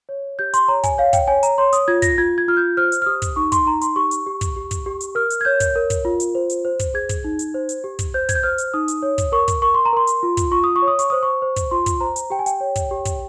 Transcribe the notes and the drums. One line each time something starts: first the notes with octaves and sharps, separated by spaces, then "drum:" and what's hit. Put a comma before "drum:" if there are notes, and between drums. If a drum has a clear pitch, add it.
C#5
G4 G6
C6, drum: hi-hat
C#5 A#5
G#5, drum: kick, hi-hat
C#5 F5
G5, drum: kick, hi-hat
C#5 G#5
A#5, drum: hi-hat
C#5 C6
D#6, drum: hi-hat
F4 G#6
A#6, drum: kick, hi-hat
F4 G#6
G#6
F4 F6
G6
C5 F6
drum: hi-hat
F6
G4 D#6
drum: kick, hi-hat
D#4 C#6
C6, drum: kick, hi-hat
D#4 A#5
C6, drum: hi-hat
G4 C#6
drum: hi-hat
G4
drum: kick, hi-hat
G4
drum: kick, hi-hat
G4
drum: hi-hat
A#4 F6
drum: hi-hat
G#6
C#5 G6
drum: kick, hi-hat
A#4
drum: kick, hi-hat
F4
drum: hi-hat
C5
drum: hi-hat
C5
drum: kick, hi-hat
G#4 G#6
drum: kick, hi-hat
D#4
drum: hi-hat
C5
drum: hi-hat
G4
drum: kick, hi-hat
C5 G6
G#6, drum: kick, hi-hat
G6
C5 F6
drum: hi-hat
D#4 D#6
drum: hi-hat
C#5
drum: kick, hi-hat
A#4 C#6
drum: kick, hi-hat
A#4 C#6
C6
A#5
A#4 C6
drum: hi-hat
F4
drum: kick, hi-hat
F4 C#6
D#6
C#6
C#5
D#6
C#6, drum: hi-hat
C5 D#6
C#6
C5
drum: kick, hi-hat
F4 C6
drum: kick, hi-hat
C5 A#5
drum: hi-hat
G4 G5
G#5
G5, drum: hi-hat
C#5
drum: kick, hi-hat
G4
drum: kick, hi-hat